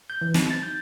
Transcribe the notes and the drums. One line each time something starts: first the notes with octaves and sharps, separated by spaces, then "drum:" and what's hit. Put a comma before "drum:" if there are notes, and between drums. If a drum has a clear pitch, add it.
G6
E3
D#4, drum: snare
A6
G6